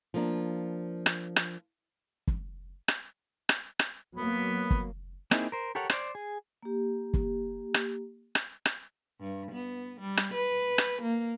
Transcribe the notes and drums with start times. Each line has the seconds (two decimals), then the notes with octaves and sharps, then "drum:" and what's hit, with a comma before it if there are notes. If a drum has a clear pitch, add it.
0.14 F3 A#3 D4
1.06 drum: rim click
1.36 drum: rim click
2.27 drum: kick F#1
2.88 drum: rim click
3.49 drum: rim click
3.79 drum: rim click
4.15 F#3 A#3 B3
4.71 drum: kick F#1
5.31 A#3 C4 D#4 E4 G#4, drum: rim click
5.52 A#4 C5
5.75 G4 A4 A#4 C#5 F#5
5.90 C5 D5, drum: rim click
6.15 G#4
6.63 A#3 G4
7.14 drum: kick F#1
7.74 drum: rim click
8.35 drum: rim click
8.65 drum: rim click
9.21 G2
9.52 B3
10.00 G3
10.17 drum: rim click
10.34 B4
10.78 drum: rim click
11.02 A#3